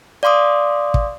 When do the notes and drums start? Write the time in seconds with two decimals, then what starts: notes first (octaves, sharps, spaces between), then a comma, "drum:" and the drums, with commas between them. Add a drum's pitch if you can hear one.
0.23 D5 F5 C6 D6 D#6
0.94 drum: kick